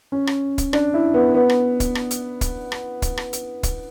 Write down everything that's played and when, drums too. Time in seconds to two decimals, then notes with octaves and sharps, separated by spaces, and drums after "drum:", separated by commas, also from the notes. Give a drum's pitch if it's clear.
0.12 C#4
0.27 drum: rim click
0.58 drum: kick, hi-hat
0.73 D4, drum: rim click
0.94 E4
1.14 B3
1.34 B3
1.49 drum: rim click
1.80 drum: kick, hi-hat
1.95 drum: rim click
2.11 drum: hi-hat
2.41 drum: kick, hi-hat
2.72 drum: rim click
3.02 drum: kick, hi-hat
3.17 drum: rim click
3.33 drum: hi-hat
3.63 drum: kick, hi-hat